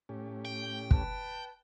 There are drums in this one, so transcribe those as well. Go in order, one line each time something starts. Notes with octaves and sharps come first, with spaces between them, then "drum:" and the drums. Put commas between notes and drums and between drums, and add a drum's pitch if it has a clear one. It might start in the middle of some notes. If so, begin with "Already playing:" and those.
A2 C#4 G4
G5
B4 A5, drum: kick